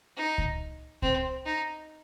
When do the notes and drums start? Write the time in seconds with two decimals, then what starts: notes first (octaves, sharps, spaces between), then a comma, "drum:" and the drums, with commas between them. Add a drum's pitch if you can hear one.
0.17 D#4
0.38 drum: kick C#2
1.02 C4, drum: kick C#2
1.46 D#4